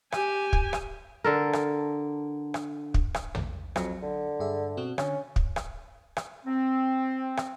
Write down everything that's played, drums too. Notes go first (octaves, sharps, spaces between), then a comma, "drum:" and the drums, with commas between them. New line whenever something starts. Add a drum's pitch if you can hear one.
G4 G#5, drum: rim click
drum: kick
drum: rim click
D3 A4 A#4
drum: rim click
drum: rim click
drum: kick
drum: rim click
drum: tom
F2 F#3, drum: rim click
D3
G2 G#4 E5
B2 C4 F#4
D3 C#4, drum: rim click
drum: kick
drum: rim click
drum: rim click
C4
drum: rim click